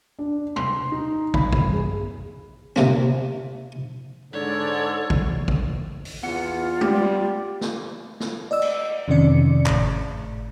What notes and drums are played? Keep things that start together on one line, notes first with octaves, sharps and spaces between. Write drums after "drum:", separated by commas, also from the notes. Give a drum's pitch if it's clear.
D4
C6, drum: tom
D#4
B5, drum: kick
G1, drum: kick
G#4
C3 A#3 C4, drum: snare
G#2 D3 A4 C#5 D5
drum: kick
drum: kick
drum: open hi-hat
E2 B3 F4 F#5 C#7
G3 G4, drum: tom G#3
drum: snare
drum: snare
D5 D#5 E6
drum: cymbal
F2 C3 D#3 C#4 D5 C#7
G#1 A2, drum: clap